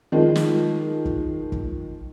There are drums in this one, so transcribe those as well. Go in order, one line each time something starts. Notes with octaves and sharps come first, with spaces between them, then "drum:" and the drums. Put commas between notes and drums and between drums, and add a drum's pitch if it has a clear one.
D#3 F3 G#3
drum: snare
drum: kick
drum: kick